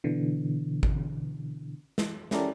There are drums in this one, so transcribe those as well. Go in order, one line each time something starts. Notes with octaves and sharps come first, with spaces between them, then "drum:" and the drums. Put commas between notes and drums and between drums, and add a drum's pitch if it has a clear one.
B2 D3 E3
drum: kick G#1
drum: snare
C#4 E4 G4 A4 A#4 D5, drum: snare